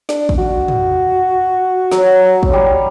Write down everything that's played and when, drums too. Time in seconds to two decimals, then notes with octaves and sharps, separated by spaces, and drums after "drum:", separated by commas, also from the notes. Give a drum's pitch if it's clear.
0.09 D4, drum: snare
0.29 drum: kick
0.38 F#4
0.68 drum: tom
1.92 F#3, drum: snare
2.43 drum: kick
2.53 G3